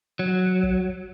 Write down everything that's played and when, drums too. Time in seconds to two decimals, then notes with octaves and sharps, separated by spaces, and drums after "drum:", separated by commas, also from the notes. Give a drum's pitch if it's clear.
0.19 F#3
0.63 drum: kick